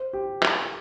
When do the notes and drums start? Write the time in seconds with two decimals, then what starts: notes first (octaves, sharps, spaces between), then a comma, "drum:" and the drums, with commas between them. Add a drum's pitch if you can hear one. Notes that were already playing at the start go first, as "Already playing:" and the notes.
Already playing: C5
0.13 G4
0.43 drum: clap